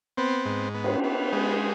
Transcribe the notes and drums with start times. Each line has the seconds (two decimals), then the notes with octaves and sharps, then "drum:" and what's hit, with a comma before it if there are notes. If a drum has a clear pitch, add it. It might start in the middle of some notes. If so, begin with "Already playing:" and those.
0.17 B3 C4
0.46 G#2
0.74 B3
0.84 drum: cymbal
1.04 B3
1.33 G#3